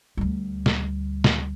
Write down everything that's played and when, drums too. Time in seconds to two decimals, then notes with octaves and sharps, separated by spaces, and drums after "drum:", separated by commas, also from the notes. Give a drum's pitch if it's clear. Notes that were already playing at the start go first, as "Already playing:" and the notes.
0.17 D2 G3
0.66 drum: snare
1.24 drum: snare